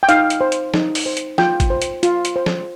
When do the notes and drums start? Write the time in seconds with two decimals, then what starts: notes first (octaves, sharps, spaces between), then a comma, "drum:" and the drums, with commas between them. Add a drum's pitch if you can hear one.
0.03 G5
0.09 D#4 F5, drum: hi-hat
0.30 drum: hi-hat
0.41 C5
0.52 drum: hi-hat
0.74 D#4, drum: snare
0.95 drum: open hi-hat
1.06 C5
1.17 drum: hi-hat
1.38 F4 G5, drum: snare
1.60 drum: kick, hi-hat
1.70 C5
1.82 drum: hi-hat
2.03 F4, drum: hi-hat
2.25 drum: hi-hat
2.36 C5
2.46 drum: snare